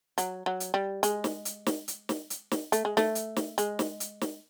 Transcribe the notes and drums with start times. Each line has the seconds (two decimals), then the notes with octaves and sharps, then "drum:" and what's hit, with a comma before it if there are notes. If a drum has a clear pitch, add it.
0.18 F#3, drum: hi-hat
0.46 F#3
0.60 drum: hi-hat
0.74 G3
1.03 G#3, drum: hi-hat
1.24 drum: snare
1.45 drum: hi-hat
1.66 drum: snare
1.88 drum: hi-hat
2.09 drum: snare
2.30 drum: hi-hat
2.51 drum: snare
2.72 A3, drum: hi-hat
2.85 G#3
2.97 A3, drum: snare
3.15 drum: hi-hat
3.36 drum: snare
3.58 G#3, drum: hi-hat
3.79 drum: snare
4.00 drum: hi-hat
4.21 drum: snare